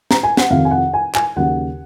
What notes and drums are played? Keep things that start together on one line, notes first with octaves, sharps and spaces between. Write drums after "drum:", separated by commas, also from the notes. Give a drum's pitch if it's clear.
A#5, drum: snare
G#5
F#5, drum: snare
F2 C3 D#3 F5
G#5
F#5
G#5
G#5, drum: clap
D#2 C#3 F#3 F#5